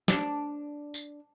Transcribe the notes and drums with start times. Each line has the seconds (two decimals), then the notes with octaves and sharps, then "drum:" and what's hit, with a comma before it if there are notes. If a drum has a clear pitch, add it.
0.08 D4, drum: snare
0.94 drum: tambourine